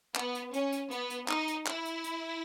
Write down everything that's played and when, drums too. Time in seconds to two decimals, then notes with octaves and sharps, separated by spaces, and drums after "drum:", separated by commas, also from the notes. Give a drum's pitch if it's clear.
0.15 B3, drum: clap
0.35 drum: hi-hat
0.54 C#4, drum: hi-hat
0.72 drum: hi-hat
0.91 B3, drum: hi-hat
1.10 drum: hi-hat
1.28 D#4, drum: clap
1.48 drum: hi-hat
1.66 E4, drum: clap
1.85 drum: hi-hat
2.04 drum: hi-hat